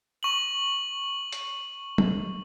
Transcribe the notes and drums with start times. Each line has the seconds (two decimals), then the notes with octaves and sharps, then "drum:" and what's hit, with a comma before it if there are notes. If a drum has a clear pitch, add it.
0.23 C#6 F#7
1.32 drum: hi-hat
1.98 drum: tom F#3